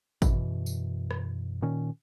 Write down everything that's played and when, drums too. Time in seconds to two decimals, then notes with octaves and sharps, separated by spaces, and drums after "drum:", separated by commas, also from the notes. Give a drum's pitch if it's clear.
0.22 F#2 B2 E3, drum: kick, tambourine
0.66 drum: tambourine
1.11 drum: rim click
1.62 A#2 D#3 C#4